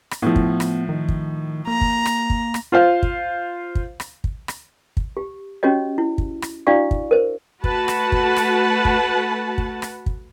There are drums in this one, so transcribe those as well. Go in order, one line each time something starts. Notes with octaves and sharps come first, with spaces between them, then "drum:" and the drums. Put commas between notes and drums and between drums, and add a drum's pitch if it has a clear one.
drum: rim click
A2 F3 B3
drum: kick
drum: rim click
D#3
drum: kick
A#3 A#5
drum: kick
drum: rim click
drum: kick
drum: rim click
F4 C5 F5
drum: kick
drum: kick
drum: rim click
drum: kick
drum: rim click
drum: kick
G4
C#4 F#4 G4 C#5 D#5
E4
drum: kick
drum: rim click
D4 E4 F#4 D5 F5 C#6
drum: kick
A#4 C5
A3 F#4 B4 F#5 A5, drum: kick
drum: rim click
drum: kick
drum: rim click
drum: kick
drum: kick
drum: rim click
drum: kick